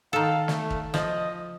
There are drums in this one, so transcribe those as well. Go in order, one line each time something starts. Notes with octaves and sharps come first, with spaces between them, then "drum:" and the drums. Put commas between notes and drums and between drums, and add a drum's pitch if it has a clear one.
D#3 A4 F5
A3, drum: snare
drum: kick
F3 D#5, drum: snare